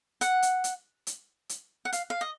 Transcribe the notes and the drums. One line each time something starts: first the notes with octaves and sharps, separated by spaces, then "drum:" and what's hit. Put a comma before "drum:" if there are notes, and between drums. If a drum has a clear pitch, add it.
F#5, drum: hi-hat
drum: hi-hat
drum: hi-hat
drum: hi-hat
drum: hi-hat
F#5
F5, drum: hi-hat
F5
D#5